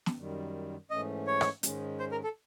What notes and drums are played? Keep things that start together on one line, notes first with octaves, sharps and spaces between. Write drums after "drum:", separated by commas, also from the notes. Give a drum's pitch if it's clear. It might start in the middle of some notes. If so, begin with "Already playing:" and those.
drum: snare
F#2 D#3 G3
G#2 E3 A3 C#4 D#5
C#5
drum: rim click
G#2 D#3 G#3 C#4, drum: hi-hat
C5
A#4
A4